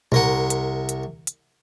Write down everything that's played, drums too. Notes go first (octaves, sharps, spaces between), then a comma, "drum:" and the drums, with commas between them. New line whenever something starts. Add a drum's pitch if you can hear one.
C2 A#4 F#5, drum: tom A#2
drum: hi-hat
drum: hi-hat
drum: hi-hat